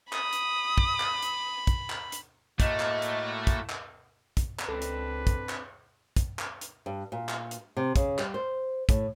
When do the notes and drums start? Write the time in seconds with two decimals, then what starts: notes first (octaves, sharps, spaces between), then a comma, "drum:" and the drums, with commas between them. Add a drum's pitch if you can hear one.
0.13 B5 D#6, drum: clap
0.33 drum: hi-hat
0.78 drum: kick
1.00 drum: clap
1.22 drum: hi-hat
1.67 drum: kick, hi-hat
1.90 drum: clap
2.12 drum: hi-hat
2.60 A2 A3 A#3 F#4 D#5, drum: kick, hi-hat
2.80 drum: clap
3.02 drum: hi-hat
3.47 drum: kick, hi-hat
3.69 drum: clap
4.37 drum: kick, hi-hat
4.59 drum: clap
4.68 C#2 C4 D4 A4 B4
4.82 drum: hi-hat
5.27 drum: kick, hi-hat
5.49 drum: clap
6.16 drum: kick, hi-hat
6.39 drum: clap
6.61 drum: hi-hat
6.86 G2
7.12 A#2
7.29 drum: clap
7.51 drum: hi-hat
7.77 C3
7.96 C#3, drum: kick, hi-hat
8.19 G3, drum: clap
8.34 C5
8.89 A2, drum: kick, hi-hat